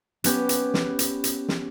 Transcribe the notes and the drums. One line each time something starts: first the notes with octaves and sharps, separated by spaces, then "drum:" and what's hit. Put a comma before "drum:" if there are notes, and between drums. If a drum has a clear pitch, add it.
B3 C#4 G4, drum: hi-hat
drum: hi-hat
drum: snare
drum: hi-hat
drum: hi-hat
drum: snare